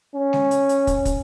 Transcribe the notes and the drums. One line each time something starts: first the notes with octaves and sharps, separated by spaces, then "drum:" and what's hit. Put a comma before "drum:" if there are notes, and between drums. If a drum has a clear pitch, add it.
C#4
drum: snare G#3
drum: hi-hat
drum: hi-hat
drum: kick, hi-hat
drum: kick, hi-hat